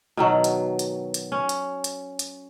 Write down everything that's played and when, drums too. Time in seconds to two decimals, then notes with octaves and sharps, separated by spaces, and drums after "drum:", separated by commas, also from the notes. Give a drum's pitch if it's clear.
0.17 B2 D#3 F#3
0.44 drum: hi-hat
0.79 drum: hi-hat
1.14 drum: hi-hat
1.32 C#4
1.49 drum: hi-hat
1.84 drum: hi-hat
2.19 drum: hi-hat